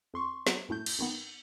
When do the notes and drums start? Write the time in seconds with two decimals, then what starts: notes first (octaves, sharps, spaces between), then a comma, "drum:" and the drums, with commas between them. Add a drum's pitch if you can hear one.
0.14 F2 C6 C#6
0.47 F#3 B3, drum: snare
0.69 F#2 A2 A3 G6
0.86 drum: cymbal
0.99 F#2 D#3 B3